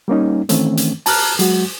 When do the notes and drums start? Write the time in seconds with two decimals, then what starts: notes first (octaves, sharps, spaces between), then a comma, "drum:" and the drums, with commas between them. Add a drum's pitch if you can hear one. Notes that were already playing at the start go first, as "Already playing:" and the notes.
0.08 G3 A#3 C#4 D#4
0.49 D#3 E3 A3 C4 C#4, drum: hi-hat
0.77 drum: hi-hat
1.06 A5 A#5 F6 F#6, drum: open hi-hat
1.39 F#3 G#3 F#4, drum: hi-hat